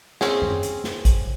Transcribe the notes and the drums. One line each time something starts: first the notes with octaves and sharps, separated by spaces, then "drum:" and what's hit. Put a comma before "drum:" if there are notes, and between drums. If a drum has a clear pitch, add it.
C4 C#4 G#4, drum: snare
drum: tom F#2
drum: hi-hat
drum: snare
drum: kick, hi-hat